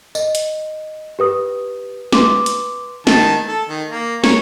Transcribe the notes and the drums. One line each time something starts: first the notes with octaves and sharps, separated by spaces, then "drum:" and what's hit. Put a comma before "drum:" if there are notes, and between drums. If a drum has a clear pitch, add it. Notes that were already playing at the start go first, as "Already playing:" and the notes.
D#5, drum: tambourine
drum: hi-hat
G4 B4 D#6
B4 C6 D6, drum: snare
drum: hi-hat
D#3 A5, drum: snare
A4
D#3
A#3
A#4 C#5, drum: snare